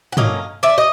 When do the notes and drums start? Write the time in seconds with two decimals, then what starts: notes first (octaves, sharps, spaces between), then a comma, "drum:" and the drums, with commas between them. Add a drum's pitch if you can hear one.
0.12 F#5
0.17 D3 F#3 A#3 C#4 D#5 F5, drum: tom
0.63 D5 E5
0.78 D#5